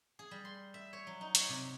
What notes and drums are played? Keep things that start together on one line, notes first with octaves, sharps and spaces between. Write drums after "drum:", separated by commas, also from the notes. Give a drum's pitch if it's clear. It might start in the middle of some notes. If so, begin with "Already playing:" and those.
G#4
G3
C6
E5
C#5
F#3
D#4
C#5, drum: hi-hat
C3